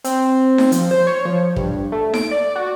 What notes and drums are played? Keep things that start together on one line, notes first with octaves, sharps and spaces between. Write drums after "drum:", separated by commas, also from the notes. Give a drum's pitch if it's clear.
C4, drum: hi-hat
drum: snare D#4
F3, drum: hi-hat
C5
C#5
F3
G2, drum: kick
A3
D7, drum: snare D#4
D5
F#4